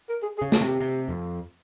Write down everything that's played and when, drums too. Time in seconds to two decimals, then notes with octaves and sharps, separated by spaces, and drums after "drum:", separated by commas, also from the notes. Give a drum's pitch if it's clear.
0.09 A#4
0.22 G#4
0.38 G#4
0.42 C#3
0.52 G#4, drum: snare
0.61 C3 G4
0.80 C3
1.08 F2